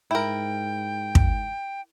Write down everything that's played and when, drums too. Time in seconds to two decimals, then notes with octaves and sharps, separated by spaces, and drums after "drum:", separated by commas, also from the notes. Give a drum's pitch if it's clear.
0.11 G#2 E4 A#4 G5
1.15 drum: kick